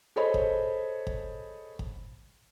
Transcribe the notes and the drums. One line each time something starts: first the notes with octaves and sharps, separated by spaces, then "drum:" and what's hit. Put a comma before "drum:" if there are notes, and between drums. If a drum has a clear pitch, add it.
G#4 A4 C5 C#5 D#5 B5
drum: kick
drum: kick
drum: kick